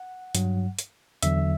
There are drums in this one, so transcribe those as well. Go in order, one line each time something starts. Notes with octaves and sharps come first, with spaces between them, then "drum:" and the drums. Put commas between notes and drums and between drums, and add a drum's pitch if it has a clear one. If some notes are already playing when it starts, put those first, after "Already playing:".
Already playing: F#5
G2 F#3, drum: hi-hat
drum: hi-hat
E2 D3 F#3 E5, drum: hi-hat